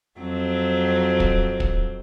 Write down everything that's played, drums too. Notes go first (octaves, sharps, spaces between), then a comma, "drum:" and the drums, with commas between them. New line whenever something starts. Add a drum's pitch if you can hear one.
F2 F#3 C4
drum: kick
drum: kick